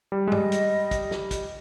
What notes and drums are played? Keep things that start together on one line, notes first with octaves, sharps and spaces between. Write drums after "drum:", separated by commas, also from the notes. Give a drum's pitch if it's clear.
G3
G#3
G3 D#5, drum: tom
drum: hi-hat
drum: kick, hi-hat
drum: snare
drum: kick, hi-hat